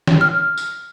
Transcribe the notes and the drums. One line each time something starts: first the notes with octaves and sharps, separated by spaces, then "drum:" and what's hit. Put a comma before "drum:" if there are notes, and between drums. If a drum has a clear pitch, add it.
drum: snare
F6
drum: tambourine